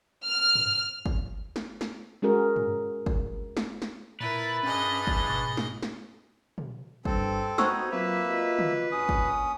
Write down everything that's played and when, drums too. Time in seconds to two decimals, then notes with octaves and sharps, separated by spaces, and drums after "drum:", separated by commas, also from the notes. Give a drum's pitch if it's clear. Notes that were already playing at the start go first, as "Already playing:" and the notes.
0.25 F6
0.55 drum: tom
1.06 drum: kick
1.56 drum: snare
1.81 drum: snare
2.22 G#3 C#4 F#4 G#4 A#4
2.56 drum: tom
3.06 drum: kick
3.57 drum: snare
3.82 drum: snare
4.20 A#2 E4 A#4 B4 A6
4.63 G2 C#4 G#4 D#5 A6
5.07 drum: kick
5.30 G#2 B2 C#6
5.57 drum: snare
5.83 drum: snare
6.58 drum: tom
7.05 G2 C4 A4, drum: kick
7.58 B3 D#4 F#4 C5 C#5 C#6 E6, drum: snare
7.91 F#3 A#3 C4 F4 B4 E5
8.28 F4 F#4 D#5
8.59 drum: tom
8.92 A#1 C#4 D#6
9.09 drum: kick